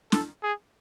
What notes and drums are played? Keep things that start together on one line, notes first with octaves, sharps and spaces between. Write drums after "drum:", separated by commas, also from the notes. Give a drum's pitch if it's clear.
A4, drum: snare
G#4